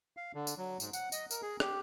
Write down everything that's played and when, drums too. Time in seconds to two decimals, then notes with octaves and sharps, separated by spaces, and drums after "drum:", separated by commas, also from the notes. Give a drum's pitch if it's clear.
0.17 F5
0.34 D3
0.47 drum: tambourine
0.58 F#3
0.80 G#2, drum: tambourine
0.93 F#5, drum: tambourine
1.12 D#5, drum: tambourine
1.31 A#4, drum: tambourine
1.42 G#4
1.60 G4, drum: rim click